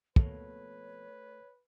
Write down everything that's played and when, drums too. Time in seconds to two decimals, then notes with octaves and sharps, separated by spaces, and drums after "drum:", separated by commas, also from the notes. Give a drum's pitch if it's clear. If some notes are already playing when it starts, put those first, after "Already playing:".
0.16 F2 B2 A3 A#3 A4 B4 C#5, drum: kick